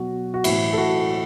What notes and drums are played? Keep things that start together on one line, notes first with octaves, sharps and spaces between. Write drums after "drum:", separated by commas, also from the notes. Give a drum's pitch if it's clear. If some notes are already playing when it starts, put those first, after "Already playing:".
Already playing: B2 F#3 F#4
F#4
A2 E3 E4, drum: cymbal
A4
F#4